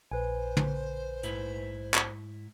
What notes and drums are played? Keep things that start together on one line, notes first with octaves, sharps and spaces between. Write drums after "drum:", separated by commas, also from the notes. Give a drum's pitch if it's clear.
A#1 B4 C5 G#5
drum: tom
G#2 E4, drum: hi-hat
drum: clap